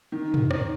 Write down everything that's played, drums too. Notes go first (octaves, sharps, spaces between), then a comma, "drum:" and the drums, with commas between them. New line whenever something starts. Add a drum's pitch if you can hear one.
D#3
drum: tom
D#3, drum: rim click